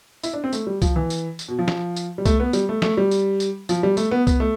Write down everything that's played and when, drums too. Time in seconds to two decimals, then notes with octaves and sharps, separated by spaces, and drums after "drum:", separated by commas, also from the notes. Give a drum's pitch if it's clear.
0.23 E4, drum: tambourine
0.34 D4
0.44 C4
0.52 A3, drum: tambourine
0.67 G3
0.82 F3, drum: kick C2, tambourine
0.96 E3
1.10 drum: tambourine
1.39 drum: tambourine
1.48 B2
1.59 F3
1.68 drum: snare
1.96 drum: tambourine
2.18 G3
2.25 A3, drum: kick C2, tambourine
2.40 B3
2.53 G3, drum: tambourine
2.69 A3
2.82 A3, drum: snare
2.97 G3
3.11 drum: tambourine
3.40 drum: tambourine
3.69 F3, drum: tambourine
3.83 G3
3.97 A3, drum: tambourine
4.11 B3
4.27 B3, drum: kick C2, tambourine
4.40 A3